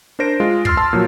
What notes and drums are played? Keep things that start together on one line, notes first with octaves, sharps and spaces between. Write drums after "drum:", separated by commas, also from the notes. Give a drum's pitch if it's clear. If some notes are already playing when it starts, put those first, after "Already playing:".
D4 A#4 C5 A#6 D7
G#3 F4
C6 E6 F6 A6 C7, drum: kick
A5 C6 E6
A#2 F3 F#3